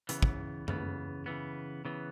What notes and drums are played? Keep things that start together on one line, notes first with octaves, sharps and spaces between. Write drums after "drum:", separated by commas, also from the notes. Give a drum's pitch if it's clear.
C#3 E3 B3, drum: hi-hat
drum: kick
C#3 E3 B3, drum: tom F#2
C#3 E3 B3
C#3 E3 B3